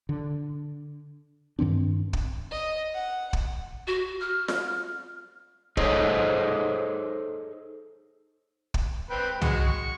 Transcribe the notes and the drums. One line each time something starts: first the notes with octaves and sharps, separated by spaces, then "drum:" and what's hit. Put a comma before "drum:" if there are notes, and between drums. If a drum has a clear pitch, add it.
D3
G2 D#3 C4 D4
drum: kick
D#5
F#5
drum: kick
F#4
F6
drum: snare F4
D#4 G#4 A4 C5 C#5 D#5, drum: kick
drum: kick
C4 B4 G5
G#3 F#4, drum: tom
C#6